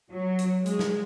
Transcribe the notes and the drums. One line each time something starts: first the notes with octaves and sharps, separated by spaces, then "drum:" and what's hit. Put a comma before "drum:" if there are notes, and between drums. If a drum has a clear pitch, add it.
F#3
drum: hi-hat
G#3, drum: hi-hat
drum: snare